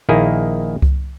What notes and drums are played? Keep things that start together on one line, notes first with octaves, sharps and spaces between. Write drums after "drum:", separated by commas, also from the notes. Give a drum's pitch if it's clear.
A#1 D#3 A#3 E4 G#4
drum: kick C2